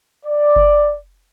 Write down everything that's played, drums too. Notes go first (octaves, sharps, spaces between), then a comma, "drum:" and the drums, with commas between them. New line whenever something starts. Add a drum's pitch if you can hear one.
D5
drum: kick F#1